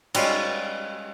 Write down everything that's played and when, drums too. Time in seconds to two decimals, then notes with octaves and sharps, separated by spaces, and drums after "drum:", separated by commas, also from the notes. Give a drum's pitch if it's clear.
0.14 G3 G#3 C#4 F4, drum: cymbal